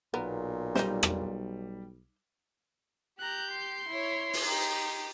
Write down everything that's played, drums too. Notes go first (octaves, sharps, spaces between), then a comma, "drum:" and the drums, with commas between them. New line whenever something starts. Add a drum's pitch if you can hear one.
B1 A#2 B3 A#4
G3 D#4 C5, drum: snare
drum: rim click
G4 A#5 F#6 G6
C6
E4 C#5
drum: open hi-hat
D#4 G4